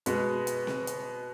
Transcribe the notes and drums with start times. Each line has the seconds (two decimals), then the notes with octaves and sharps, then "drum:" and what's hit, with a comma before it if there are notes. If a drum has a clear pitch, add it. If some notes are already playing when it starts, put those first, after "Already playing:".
0.06 B2 G#3 B3, drum: hi-hat
0.47 drum: hi-hat
0.67 drum: snare C4
0.87 drum: hi-hat